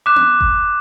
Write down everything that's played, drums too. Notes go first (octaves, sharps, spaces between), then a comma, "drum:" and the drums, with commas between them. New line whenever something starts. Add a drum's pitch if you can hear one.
D6 F#6 B6 E7
drum: tom B3
drum: kick F#1